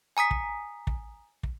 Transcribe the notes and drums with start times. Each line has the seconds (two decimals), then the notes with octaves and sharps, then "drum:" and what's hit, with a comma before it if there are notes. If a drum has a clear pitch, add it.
0.17 G#5 A#5 D#6 B6
0.31 drum: kick
0.87 drum: kick
1.43 drum: kick